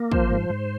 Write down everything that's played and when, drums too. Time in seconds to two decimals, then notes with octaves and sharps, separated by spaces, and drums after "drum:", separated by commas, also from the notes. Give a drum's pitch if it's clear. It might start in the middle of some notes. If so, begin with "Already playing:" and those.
Already playing: A#3
0.12 F3 C5, drum: kick
0.31 G#2
0.50 G#2